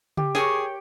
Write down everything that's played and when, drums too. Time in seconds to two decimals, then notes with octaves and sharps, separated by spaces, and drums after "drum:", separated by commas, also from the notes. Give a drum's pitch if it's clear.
0.17 G4, drum: tom C#3
0.35 G#4 A#4 C#5 G5, drum: snare